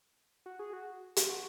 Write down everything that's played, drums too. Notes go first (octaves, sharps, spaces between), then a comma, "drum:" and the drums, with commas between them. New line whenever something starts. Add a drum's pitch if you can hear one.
F#4
G#4
F#4
drum: hi-hat
F#4